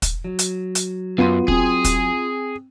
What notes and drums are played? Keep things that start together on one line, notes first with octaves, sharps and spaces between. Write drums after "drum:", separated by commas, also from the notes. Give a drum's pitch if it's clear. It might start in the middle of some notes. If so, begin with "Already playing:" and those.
drum: kick, hi-hat
F#3
drum: hi-hat
drum: hi-hat
F#2 B3 F4 C6 D#7
C4 G#4, drum: kick
drum: kick, hi-hat